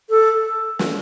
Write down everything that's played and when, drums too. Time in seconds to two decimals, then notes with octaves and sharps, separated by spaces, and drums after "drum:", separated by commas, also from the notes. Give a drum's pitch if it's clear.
0.10 A4
0.79 drum: snare